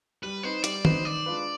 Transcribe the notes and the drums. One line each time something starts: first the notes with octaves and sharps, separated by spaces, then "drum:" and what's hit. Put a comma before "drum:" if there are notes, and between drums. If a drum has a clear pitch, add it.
G3 B4
C4 D#4 B4 C5
G3 D5, drum: hi-hat
C4 D#4 B4 C5, drum: tom D#3
D#3 D5
G#3 D4 F4 B4